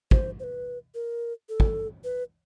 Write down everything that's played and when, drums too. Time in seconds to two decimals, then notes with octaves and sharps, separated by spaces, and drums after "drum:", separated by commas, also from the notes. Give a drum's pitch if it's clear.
0.11 C5, drum: kick
0.40 C5
0.44 B4
0.95 A#4
1.49 A4
1.60 drum: kick
2.04 B4